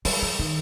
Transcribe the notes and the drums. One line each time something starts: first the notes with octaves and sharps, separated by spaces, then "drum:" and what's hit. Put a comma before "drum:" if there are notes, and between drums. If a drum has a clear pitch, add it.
F#3, drum: open hi-hat
F3
D#3